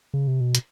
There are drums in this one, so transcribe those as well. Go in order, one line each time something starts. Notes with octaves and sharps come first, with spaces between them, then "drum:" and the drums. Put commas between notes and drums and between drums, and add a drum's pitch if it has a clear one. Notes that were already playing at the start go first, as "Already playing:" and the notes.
C#3
C3
B2
drum: hi-hat